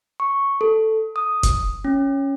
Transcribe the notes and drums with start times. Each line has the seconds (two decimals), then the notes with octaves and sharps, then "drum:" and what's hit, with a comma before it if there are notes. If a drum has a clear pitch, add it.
0.20 C#6
0.61 A4
1.16 D#6
1.43 drum: kick F1, hi-hat
1.84 C#4